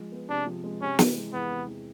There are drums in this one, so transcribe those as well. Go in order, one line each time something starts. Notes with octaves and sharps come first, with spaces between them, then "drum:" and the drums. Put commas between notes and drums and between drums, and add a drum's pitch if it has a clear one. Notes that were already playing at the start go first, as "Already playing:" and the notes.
Already playing: F3 G#3
B3
C3 D4
F3
G#3
C3 C#4
E3, drum: snare
G#3
E2 B3
C3
E3